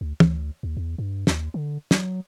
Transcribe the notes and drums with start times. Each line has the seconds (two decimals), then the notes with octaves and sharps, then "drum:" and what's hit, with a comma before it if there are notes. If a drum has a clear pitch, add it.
0.01 D2
0.20 D2, drum: tom
0.63 D#2
0.77 E2
0.98 G2
1.27 D#2, drum: snare
1.54 D3
1.91 F#3, drum: snare